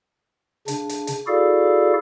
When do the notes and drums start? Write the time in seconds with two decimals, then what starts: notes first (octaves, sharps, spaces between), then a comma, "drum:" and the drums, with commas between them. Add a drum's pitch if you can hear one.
0.68 C#3 D4, drum: hi-hat
0.89 drum: hi-hat
1.07 drum: hi-hat
1.27 E4 F#4 G#4 A4 D5 F5